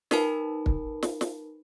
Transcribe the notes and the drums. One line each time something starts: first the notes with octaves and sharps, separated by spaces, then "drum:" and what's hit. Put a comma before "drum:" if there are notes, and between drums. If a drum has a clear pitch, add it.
D#4 A#4 B4 A5 B5, drum: snare
drum: kick
drum: snare
drum: snare